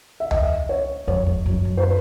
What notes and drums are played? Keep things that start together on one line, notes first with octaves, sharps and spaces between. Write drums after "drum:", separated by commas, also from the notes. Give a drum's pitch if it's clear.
E5
E2 D#5, drum: tom C#2
C#5
F2 C#5
F2
F#2
F#2
C5
B4